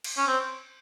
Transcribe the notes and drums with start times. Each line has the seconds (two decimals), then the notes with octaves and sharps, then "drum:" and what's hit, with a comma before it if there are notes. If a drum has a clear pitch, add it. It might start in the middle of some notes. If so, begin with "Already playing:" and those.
0.04 drum: cymbal
0.17 C#4
0.27 C4